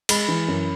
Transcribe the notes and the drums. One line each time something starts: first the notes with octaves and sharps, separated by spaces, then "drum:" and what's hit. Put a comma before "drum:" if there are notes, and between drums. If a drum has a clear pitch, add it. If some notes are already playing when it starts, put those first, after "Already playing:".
G#3 B5, drum: cymbal
E3
F#2